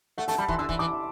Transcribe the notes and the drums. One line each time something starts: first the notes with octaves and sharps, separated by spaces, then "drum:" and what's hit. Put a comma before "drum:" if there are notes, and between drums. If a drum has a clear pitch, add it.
A3 F#5
A3 A5, drum: open hi-hat
G3 B5
E3 C6, drum: kick
D3 E6
E3, drum: kick
E3 D6